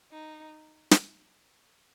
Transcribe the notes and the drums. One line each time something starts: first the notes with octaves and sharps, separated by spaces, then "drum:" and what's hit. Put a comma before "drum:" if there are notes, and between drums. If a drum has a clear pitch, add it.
D#4
drum: snare